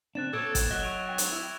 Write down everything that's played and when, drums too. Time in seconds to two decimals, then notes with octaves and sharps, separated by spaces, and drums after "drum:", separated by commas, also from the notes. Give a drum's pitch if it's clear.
0.15 C#3 C4 D4 F#6 A6 E7
0.33 A#2 A4 C#5 D6 G#6 D7
0.55 drum: kick, hi-hat
0.71 F#3 D#5 F#6 A#6 G7
0.83 C#6 D7 F7
1.09 G5
1.18 drum: hi-hat
1.32 E4